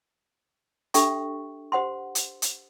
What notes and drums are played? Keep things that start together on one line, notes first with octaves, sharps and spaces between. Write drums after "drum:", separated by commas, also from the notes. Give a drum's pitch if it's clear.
D4 G4 A4 E5 G5 C#6, drum: hi-hat
G4 C5 F#5 C6
drum: hi-hat
drum: hi-hat